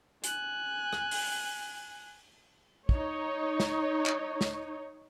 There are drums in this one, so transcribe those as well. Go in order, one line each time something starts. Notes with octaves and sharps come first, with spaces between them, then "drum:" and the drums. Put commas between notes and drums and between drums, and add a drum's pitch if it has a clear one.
G#5 F#6, drum: hi-hat
drum: rim click
drum: open hi-hat
D#4 C#5, drum: kick
drum: snare
drum: clap
drum: snare